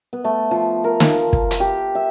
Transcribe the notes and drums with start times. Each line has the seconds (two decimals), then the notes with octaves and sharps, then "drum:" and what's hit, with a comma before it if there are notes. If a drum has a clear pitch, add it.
0.13 B3
0.24 A3
0.51 F3
0.84 A#4
1.00 F5, drum: snare
1.33 drum: kick
1.51 drum: hi-hat
1.60 G4
1.95 E5